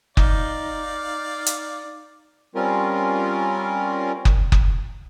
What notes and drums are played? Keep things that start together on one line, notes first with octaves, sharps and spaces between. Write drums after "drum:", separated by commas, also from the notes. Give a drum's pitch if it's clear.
D#4 D5 F5, drum: kick F#1
drum: hi-hat
G3 C4 C#4 F4 A#4
drum: kick F#1
drum: kick F#1